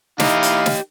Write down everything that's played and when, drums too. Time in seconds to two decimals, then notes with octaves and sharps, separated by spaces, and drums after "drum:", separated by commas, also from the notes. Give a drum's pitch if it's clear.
0.20 D#4 E4 G4 D#5 F5 D6, drum: snare
0.43 drum: hi-hat
0.66 drum: snare